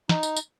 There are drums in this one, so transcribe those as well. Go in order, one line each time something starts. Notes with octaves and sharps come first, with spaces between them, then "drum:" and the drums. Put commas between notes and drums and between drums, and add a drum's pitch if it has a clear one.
D#4, drum: snare
drum: tambourine
drum: tambourine